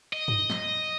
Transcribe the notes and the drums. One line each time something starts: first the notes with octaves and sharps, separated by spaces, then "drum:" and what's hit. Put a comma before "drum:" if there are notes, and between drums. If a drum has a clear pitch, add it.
D#5
drum: tom
drum: snare